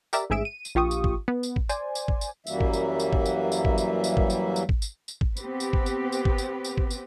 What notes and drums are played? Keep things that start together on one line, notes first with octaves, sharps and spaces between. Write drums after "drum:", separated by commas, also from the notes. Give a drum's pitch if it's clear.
G4 A#4 D5 E5, drum: tambourine
A1 G#2 G#4 E5 D7 E7
D#7
drum: tambourine
A#1 F4 G4 C#6 D#6
drum: tambourine
drum: kick
B3
drum: tambourine
drum: kick
C5 D5 G#5, drum: tambourine
drum: tambourine
drum: kick
drum: tambourine
F#2 E3 F#3 G3 A#3 E5, drum: tambourine
drum: kick
drum: tambourine
drum: tambourine
drum: kick
drum: tambourine
drum: tambourine
drum: kick
drum: tambourine
drum: tambourine
drum: kick
drum: tambourine
drum: tambourine
drum: kick
drum: tambourine
drum: tambourine
drum: kick
B3 C4 G4 B4, drum: tambourine
drum: tambourine
drum: kick
drum: tambourine
drum: tambourine
drum: kick
drum: tambourine
drum: tambourine
drum: kick
drum: tambourine